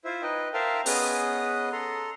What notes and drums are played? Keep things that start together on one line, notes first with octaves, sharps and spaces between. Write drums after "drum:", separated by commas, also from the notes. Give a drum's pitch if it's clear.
E4 F4 C5 E5
D#4 B4 D#5 G5
A#4 C5 E5 F5 G5 A5
B3 C#4 G#4 B4 D#5 D#6, drum: open hi-hat
A4 A#5 C6